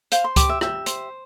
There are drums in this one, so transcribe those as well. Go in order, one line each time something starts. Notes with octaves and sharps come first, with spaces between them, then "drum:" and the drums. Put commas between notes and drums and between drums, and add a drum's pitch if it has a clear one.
C5 F5, drum: hi-hat
C6
G4 D6, drum: kick C#2, hi-hat
E5
G4 E5, drum: rim click
C5, drum: hi-hat